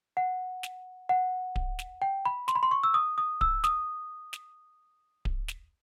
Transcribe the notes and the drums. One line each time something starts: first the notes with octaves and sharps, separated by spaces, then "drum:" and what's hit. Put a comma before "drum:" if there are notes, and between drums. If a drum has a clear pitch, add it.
F#5
drum: snare
F#5
drum: kick D1
drum: snare
G5
B5
C6, drum: snare
B5
C6
C#6
E6
D#6
D#6
E6, drum: kick D1
D#6, drum: snare
drum: snare
drum: kick D1
drum: snare